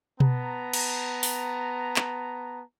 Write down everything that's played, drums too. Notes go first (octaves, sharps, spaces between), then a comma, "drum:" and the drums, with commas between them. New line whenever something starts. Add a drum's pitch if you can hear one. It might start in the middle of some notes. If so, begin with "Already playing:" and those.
B3 A5 A#5, drum: tom B2
drum: cymbal
drum: open hi-hat
drum: clap